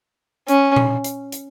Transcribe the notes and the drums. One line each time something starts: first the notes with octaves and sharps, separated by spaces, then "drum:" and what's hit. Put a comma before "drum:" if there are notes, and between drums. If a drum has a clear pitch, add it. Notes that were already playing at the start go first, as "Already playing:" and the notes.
C#4, drum: hi-hat
drum: tom A#2
drum: hi-hat
drum: hi-hat